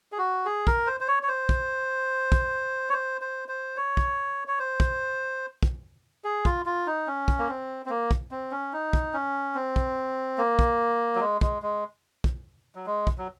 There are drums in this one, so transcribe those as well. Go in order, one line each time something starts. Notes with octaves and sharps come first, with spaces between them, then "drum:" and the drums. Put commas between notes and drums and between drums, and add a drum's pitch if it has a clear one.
G#4
F#4
G#4
A#4, drum: kick
C5
C5
C#5
C#5
C5
drum: kick
drum: kick
C#5
C5
C5
C5
C#5
drum: kick
C#5
C5
drum: kick
drum: kick
G#4
F4, drum: kick
F4
D#4
C#4
drum: kick
A#3
C4
C4
A#3
drum: kick
C4
C#4
D#4
drum: kick
C#4
C4
drum: kick
A#3
drum: kick
F#3
G#3
G#3, drum: kick
G#3
drum: kick
F#3
G#3
drum: kick
F#3